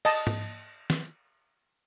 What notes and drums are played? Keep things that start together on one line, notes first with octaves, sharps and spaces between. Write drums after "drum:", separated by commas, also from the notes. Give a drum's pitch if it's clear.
D#5 A5, drum: cymbal
drum: tom G#2
drum: snare